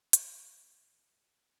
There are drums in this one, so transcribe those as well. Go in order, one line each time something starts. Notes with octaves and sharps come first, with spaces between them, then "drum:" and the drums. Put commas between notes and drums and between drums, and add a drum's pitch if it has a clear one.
drum: hi-hat
A#3 F4 C#7